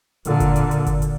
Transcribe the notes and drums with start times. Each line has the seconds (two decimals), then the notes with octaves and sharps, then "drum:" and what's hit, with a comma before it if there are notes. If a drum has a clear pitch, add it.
0.25 A#2 D3, drum: hi-hat
0.40 drum: kick G1, hi-hat
0.56 drum: hi-hat
0.71 drum: hi-hat
0.86 drum: kick G1, hi-hat
1.02 drum: hi-hat